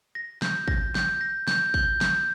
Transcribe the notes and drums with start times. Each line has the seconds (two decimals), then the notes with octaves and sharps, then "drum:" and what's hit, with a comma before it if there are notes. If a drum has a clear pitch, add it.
0.15 A#6
0.42 G6, drum: snare
0.68 A#6, drum: kick
0.95 G6, drum: snare
1.21 A#6
1.48 G6, drum: snare
1.74 G6, drum: kick
2.01 G6, drum: snare